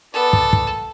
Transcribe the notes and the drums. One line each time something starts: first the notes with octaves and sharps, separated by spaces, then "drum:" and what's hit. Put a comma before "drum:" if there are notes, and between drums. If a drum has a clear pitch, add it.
B3 A4 D5
drum: kick
drum: kick